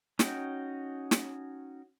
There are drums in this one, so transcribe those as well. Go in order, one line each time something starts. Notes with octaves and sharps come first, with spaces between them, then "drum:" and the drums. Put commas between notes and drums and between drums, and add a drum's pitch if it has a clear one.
C#4 D#4 F#4 G5, drum: snare
drum: snare